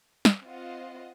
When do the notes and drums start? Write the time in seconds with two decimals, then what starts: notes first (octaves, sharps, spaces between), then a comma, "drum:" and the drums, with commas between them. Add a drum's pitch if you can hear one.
0.25 drum: snare
0.45 C4 F4 C5 D#5 F#5